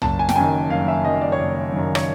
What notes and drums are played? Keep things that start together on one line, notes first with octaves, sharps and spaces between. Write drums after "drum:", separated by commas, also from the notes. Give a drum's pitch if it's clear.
F#1 A5, drum: tom
G#5
G5, drum: snare
F#2 D#3 G#5
F#1 F5
E5
F#2 D#3 D#5
D5
C#5
F#1 D5
F#2 D#3
C#5, drum: rim click